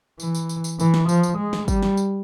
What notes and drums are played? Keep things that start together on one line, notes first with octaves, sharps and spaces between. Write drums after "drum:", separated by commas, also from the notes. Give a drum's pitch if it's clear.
E3, drum: tambourine
drum: tambourine
drum: tambourine
drum: tambourine
E3, drum: tambourine
drum: snare
F3, drum: tambourine
drum: tambourine
G#3
drum: snare
G3, drum: kick, tambourine
drum: snare
drum: tambourine